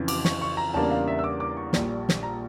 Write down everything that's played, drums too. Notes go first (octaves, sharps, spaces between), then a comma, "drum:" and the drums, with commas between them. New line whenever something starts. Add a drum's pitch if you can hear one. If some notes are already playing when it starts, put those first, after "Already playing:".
Already playing: F2 C#3 E3
D6, drum: cymbal
C#6, drum: snare
C#6
A#5
E2 C#3 G3 A#3 D4 A5
F5
E5
E6
D6
D6
C#6
A#1 A#2 G3, drum: snare
drum: snare
A#5